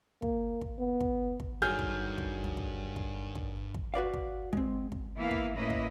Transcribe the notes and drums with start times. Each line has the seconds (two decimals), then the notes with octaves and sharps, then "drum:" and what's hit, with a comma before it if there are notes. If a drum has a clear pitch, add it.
0.22 A#3, drum: kick
0.61 drum: kick
0.79 B3
1.00 drum: kick
1.40 drum: kick
1.62 G2 D3 D#3 F#3 G#4 F6 G6
1.79 drum: kick
2.18 drum: kick
2.44 drum: tom
2.57 drum: kick
2.96 drum: kick
3.35 drum: kick
3.74 drum: kick
3.94 F#4 B4 D5 F5
4.13 drum: kick
4.53 G#3 C4, drum: kick
4.92 drum: kick
5.17 E3 A#3 B3 E4 F5
5.31 drum: kick
5.55 A2 A#3 C#4 E4 B4 D#5
5.70 drum: kick